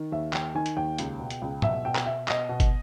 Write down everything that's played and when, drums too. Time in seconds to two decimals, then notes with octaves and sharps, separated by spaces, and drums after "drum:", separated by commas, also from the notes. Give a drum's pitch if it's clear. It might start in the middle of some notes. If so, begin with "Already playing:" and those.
Already playing: D#3
0.12 D#2 E5
0.33 D#3 G5, drum: clap
0.55 D#3 G#5
0.66 drum: hi-hat
0.76 D#2 G5
0.98 C#2, drum: hi-hat
1.19 B2
1.30 drum: hi-hat
1.42 C#2
1.62 B2 E5, drum: tom G#2
1.85 B2 G5
1.95 drum: clap
2.05 B2 E5
2.28 B2 D#5, drum: clap
2.49 B2
2.60 drum: kick, hi-hat